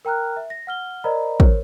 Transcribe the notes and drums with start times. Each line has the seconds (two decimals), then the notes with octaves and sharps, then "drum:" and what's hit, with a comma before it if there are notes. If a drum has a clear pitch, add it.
0.05 A#4 G5 A#5 F6 F#6
0.37 E5
0.50 A#6
0.67 F#5 F6 G7
1.04 A#4 C5 D5 D#5 A#5 B5
1.40 A#4 C5 C#5, drum: kick